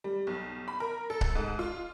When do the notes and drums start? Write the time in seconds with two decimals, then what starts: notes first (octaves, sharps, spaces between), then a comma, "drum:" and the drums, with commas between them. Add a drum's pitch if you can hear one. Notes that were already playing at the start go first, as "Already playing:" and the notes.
0.04 G3
0.27 B1
0.68 B5
0.80 A#4
1.10 A4
1.21 drum: kick C#1
1.35 G#2
1.59 F4